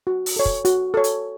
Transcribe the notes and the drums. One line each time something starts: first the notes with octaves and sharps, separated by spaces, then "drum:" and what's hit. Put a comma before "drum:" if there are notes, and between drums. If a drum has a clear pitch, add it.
F#4
drum: open hi-hat
A4 C#5
drum: kick
F#4, drum: hi-hat
A4 C#5
drum: hi-hat